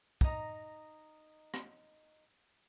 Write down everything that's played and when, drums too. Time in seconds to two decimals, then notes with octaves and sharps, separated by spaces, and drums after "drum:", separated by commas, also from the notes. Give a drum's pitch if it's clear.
0.21 D#4 A#5, drum: kick
1.54 drum: rim click